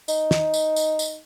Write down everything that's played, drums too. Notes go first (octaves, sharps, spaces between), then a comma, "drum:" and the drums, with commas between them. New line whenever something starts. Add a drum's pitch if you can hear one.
D#4, drum: tambourine
drum: snare
drum: tambourine
drum: tambourine
drum: tambourine